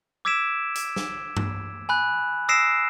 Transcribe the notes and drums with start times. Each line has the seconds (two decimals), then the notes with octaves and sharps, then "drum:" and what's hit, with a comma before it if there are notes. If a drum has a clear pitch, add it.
0.25 D6 E6 G#6 B6 D7 E7
0.75 drum: hi-hat
0.96 drum: snare
1.37 drum: tom G2
1.89 G#5 B5 F#6
2.49 D#6 E6 A#6 C7 D7 E7